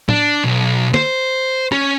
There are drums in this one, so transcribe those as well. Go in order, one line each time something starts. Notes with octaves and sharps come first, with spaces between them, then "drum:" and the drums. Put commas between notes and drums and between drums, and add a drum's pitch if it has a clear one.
D4, drum: tom
B1
C5, drum: snare
C#4, drum: rim click